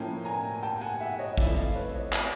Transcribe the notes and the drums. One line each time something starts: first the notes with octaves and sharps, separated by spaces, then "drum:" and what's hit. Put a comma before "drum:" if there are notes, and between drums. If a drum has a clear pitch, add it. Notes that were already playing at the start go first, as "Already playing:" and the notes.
Already playing: A2 F3 A#3 C#4 G5 A5
G#5 A#5
G5 A5
F#5 G#5
E5 F#5
C#5 D#5
F3 A3 C4 E4 D5 E5, drum: kick A1
D#5 F5
B4 C#5
C#5 D#5
D5 E5, drum: clap